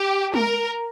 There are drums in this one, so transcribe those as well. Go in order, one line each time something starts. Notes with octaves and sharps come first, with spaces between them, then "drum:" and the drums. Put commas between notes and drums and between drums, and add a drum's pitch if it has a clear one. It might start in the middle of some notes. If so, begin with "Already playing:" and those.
Already playing: G4
A#4, drum: tom G#3